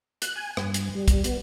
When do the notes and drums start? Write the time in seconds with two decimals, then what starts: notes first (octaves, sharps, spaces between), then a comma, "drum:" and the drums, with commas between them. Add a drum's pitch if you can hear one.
0.22 F#6, drum: hi-hat
0.36 G#5
0.57 G2, drum: rim click
0.74 drum: hi-hat
0.95 G3
1.08 drum: kick, hi-hat
1.24 B3, drum: hi-hat